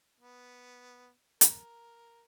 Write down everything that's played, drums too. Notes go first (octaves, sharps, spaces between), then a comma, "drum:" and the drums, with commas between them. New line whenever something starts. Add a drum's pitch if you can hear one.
B3
A#4, drum: hi-hat